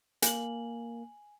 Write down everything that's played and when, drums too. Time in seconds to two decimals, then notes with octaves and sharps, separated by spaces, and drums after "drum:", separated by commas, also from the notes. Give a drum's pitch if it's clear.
0.22 A#3 G#5 F#7, drum: hi-hat